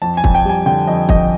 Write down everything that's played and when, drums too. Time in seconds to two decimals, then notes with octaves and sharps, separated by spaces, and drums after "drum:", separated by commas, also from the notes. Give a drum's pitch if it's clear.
0.02 F2 A5
0.17 G#5
0.24 F2, drum: kick
0.34 G5
0.45 G3 G#5
0.66 D3 G5
0.87 F2 D#5
1.09 F2 D#5, drum: kick